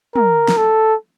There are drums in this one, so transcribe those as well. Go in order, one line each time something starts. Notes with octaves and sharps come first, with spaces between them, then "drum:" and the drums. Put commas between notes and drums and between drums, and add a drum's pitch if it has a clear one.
A#4, drum: tom
drum: snare
A4